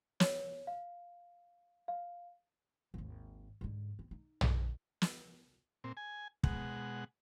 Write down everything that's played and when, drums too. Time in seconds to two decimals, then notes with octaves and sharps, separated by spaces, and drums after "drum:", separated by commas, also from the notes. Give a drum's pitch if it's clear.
0.20 C#5, drum: snare
0.67 F5
1.88 F5
2.94 G#1 D#2
3.61 G#2 D3
3.99 C4
4.11 D#4
4.41 drum: tom
5.02 drum: snare
5.84 A#2 C4
5.97 G#5
6.44 B2 G#3 F#5, drum: kick